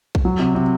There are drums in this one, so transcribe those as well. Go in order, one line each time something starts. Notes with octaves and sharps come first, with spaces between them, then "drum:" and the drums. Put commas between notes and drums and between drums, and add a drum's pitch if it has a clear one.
drum: kick A#1
F#3
C3
C3